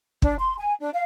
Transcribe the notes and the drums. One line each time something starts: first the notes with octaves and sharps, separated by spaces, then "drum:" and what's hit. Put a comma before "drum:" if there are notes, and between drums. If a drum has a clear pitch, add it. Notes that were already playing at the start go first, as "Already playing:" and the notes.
D4, drum: kick
C6
G#5
D4
F5